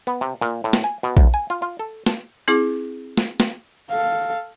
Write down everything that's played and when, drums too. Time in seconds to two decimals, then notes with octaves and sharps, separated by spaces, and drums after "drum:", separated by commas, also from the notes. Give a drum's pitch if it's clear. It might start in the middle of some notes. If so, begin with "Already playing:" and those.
0.07 B3
0.21 C3
0.41 A#2
0.64 A2
0.73 drum: snare
0.84 G#5
1.03 B2
1.17 D2, drum: kick A#1
1.34 G#5
1.50 F4
1.62 F4
1.79 A4
2.06 A5, drum: snare
2.48 C4 E4 G#4 D6
3.17 drum: snare
3.40 drum: snare
3.90 A4 F5